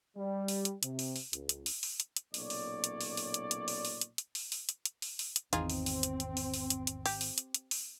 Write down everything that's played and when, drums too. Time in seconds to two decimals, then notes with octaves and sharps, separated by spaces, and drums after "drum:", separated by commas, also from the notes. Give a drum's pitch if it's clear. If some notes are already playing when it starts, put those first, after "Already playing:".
0.17 G3
0.48 drum: open hi-hat
0.65 drum: hi-hat
0.83 C3, drum: hi-hat
0.99 drum: open hi-hat
1.16 drum: open hi-hat
1.33 C#2, drum: hi-hat
1.49 drum: hi-hat
1.66 drum: open hi-hat
1.83 drum: open hi-hat
2.00 drum: hi-hat
2.17 drum: hi-hat
2.34 B1 A#2 C#3 C#5 D5, drum: open hi-hat
2.50 drum: open hi-hat
2.84 drum: hi-hat
3.01 drum: open hi-hat
3.17 drum: open hi-hat
3.34 drum: hi-hat
3.51 drum: hi-hat
3.68 drum: open hi-hat
3.85 drum: open hi-hat
4.01 drum: hi-hat
4.18 drum: hi-hat
4.35 drum: open hi-hat
4.52 drum: open hi-hat
4.69 drum: hi-hat
4.85 drum: hi-hat
5.02 drum: open hi-hat
5.19 drum: open hi-hat
5.36 drum: hi-hat
5.53 G#1 E2 D#3 C4 D#4 F4 G#4, drum: hi-hat
5.70 drum: open hi-hat
5.86 drum: open hi-hat
6.03 drum: hi-hat
6.20 drum: hi-hat
6.37 drum: open hi-hat
6.54 drum: open hi-hat
6.70 drum: hi-hat
6.87 drum: hi-hat
7.06 G4, drum: open hi-hat
7.21 drum: open hi-hat
7.38 drum: hi-hat
7.54 drum: hi-hat
7.71 drum: open hi-hat